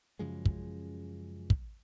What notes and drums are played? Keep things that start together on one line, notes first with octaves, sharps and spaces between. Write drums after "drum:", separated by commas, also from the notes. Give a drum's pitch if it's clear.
F#2 C#3 F3 G#3
drum: kick
drum: kick